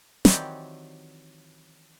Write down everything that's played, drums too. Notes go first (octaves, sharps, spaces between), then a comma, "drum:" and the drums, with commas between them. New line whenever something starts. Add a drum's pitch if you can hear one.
D#3 E3 F#3 C4 G4 D5, drum: snare